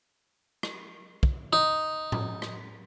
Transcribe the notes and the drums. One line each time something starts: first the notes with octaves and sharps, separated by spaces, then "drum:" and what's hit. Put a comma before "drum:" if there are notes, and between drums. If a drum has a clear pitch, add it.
drum: rim click
drum: kick
D#4
drum: tom A2
drum: rim click